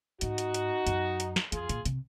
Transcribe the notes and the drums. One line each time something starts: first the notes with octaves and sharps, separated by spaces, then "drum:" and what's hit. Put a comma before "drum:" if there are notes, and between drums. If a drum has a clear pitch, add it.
G#2 D#4 F#4, drum: hi-hat
drum: hi-hat
drum: hi-hat
F#2, drum: hi-hat
drum: hi-hat
drum: snare
F2 F4 G#4, drum: hi-hat
A#2, drum: hi-hat
C3, drum: hi-hat